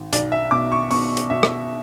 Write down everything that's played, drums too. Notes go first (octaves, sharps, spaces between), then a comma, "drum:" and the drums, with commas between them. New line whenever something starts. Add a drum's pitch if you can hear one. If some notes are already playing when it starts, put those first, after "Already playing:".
Already playing: G#1
B1 D5, drum: hi-hat
E5
B2 D6
C#6
B2 C#6, drum: open hi-hat
drum: hi-hat
B2 E5
drum: rim click